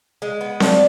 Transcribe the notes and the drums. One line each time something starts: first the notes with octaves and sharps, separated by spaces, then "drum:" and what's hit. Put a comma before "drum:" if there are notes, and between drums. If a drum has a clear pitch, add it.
G#3
B3
D4, drum: snare C4